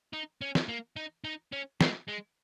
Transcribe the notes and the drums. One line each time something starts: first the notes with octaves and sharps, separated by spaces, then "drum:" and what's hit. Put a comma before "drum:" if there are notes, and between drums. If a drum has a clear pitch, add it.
D#4
C#4
drum: snare
A#3
D#4
D#4
C#4
G#3, drum: snare
G#3